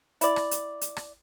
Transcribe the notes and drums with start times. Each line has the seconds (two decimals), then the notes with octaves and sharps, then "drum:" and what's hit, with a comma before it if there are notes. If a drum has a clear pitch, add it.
0.21 E4 D5, drum: hi-hat
0.36 drum: rim click
0.51 drum: hi-hat
0.81 drum: hi-hat
0.97 drum: rim click